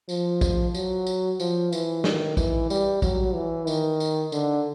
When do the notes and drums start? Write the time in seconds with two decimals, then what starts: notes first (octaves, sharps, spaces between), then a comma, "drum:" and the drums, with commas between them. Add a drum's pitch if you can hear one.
0.09 F3, drum: tambourine
0.41 drum: kick, tambourine
0.74 F#3, drum: tambourine
1.07 drum: tambourine
1.40 F3, drum: tambourine
1.72 E3, drum: tambourine
2.04 D#3, drum: snare
2.37 E3, drum: kick, tambourine
2.70 G3, drum: tambourine
3.02 F#3, drum: kick, tambourine
3.34 E3
3.67 D#3, drum: tambourine
4.00 drum: tambourine
4.32 D3, drum: tambourine